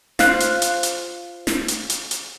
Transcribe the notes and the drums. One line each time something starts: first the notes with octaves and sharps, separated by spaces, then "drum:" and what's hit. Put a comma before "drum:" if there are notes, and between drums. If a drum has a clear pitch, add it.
F4 C5 F#6, drum: snare
drum: hi-hat
drum: hi-hat
drum: hi-hat
drum: snare
drum: hi-hat
drum: hi-hat
drum: hi-hat